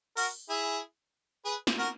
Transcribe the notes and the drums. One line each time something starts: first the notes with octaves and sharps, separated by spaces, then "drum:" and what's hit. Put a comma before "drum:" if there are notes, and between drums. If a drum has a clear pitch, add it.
F#4 A#4, drum: open hi-hat
E4 G#4
G#4 B4
drum: snare
F#4 A#4